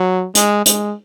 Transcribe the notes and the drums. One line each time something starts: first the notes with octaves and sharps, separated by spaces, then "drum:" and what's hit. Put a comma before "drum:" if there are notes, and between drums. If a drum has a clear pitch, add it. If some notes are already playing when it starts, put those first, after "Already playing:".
Already playing: F#3
G#3, drum: hi-hat
G#3, drum: hi-hat